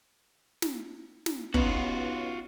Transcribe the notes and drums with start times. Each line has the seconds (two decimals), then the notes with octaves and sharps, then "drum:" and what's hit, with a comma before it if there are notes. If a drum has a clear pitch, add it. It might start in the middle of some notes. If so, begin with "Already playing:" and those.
0.62 drum: snare
1.26 drum: snare
1.54 B3 C#4 D#4 F4 F#4, drum: kick